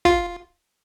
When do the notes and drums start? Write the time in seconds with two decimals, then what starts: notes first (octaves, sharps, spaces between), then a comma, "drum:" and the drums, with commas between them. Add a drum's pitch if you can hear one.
0.05 F4, drum: kick